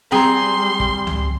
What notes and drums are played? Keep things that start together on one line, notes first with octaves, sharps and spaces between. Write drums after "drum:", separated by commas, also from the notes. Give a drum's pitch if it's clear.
G3 C4 G#4 G5 A#5 C6
drum: kick
drum: tom C#2